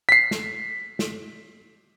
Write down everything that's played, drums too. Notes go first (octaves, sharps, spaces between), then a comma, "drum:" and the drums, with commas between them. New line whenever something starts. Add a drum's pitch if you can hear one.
B6 C7
drum: snare
drum: snare